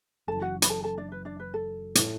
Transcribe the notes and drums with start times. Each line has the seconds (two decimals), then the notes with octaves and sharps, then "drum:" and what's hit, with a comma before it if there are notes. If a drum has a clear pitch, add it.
0.27 F#1 F#2 E3 A4 A5
0.42 F#4 F#5
0.62 B5, drum: hi-hat
0.69 A4 A5
0.84 A4 A5
0.98 D4 D5
1.12 B4
1.25 D4 D5
1.40 B4
1.54 A4
1.95 A2 A3 E4, drum: hi-hat